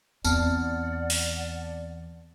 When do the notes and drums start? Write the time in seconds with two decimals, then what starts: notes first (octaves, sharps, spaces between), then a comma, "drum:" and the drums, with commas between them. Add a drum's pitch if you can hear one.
0.24 E2 B3 C4 D5 F#5 A5 F6, drum: tambourine
1.10 drum: open hi-hat